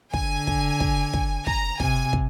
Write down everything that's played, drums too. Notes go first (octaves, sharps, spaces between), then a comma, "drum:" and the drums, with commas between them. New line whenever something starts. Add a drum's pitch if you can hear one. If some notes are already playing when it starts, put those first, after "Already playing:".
D3 G#5, drum: kick
drum: kick
drum: kick
drum: kick
A#5, drum: kick
C3 G#5, drum: kick
drum: kick